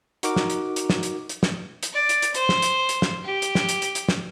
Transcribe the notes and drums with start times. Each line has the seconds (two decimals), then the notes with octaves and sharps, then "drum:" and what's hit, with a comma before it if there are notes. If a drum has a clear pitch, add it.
0.23 D#4 F#4 A#4 D6, drum: hi-hat
0.36 drum: snare
0.50 drum: hi-hat
0.76 drum: hi-hat
0.90 drum: snare
1.03 drum: hi-hat
1.29 drum: hi-hat
1.43 drum: snare
1.83 drum: hi-hat
1.92 D5
2.09 drum: hi-hat
2.22 drum: hi-hat
2.34 C5, drum: hi-hat
2.49 drum: snare
2.62 drum: hi-hat
2.89 drum: hi-hat
3.02 drum: snare
3.23 G4
3.42 drum: hi-hat
3.55 drum: snare
3.69 drum: hi-hat
3.82 drum: hi-hat
3.95 drum: hi-hat
4.09 drum: snare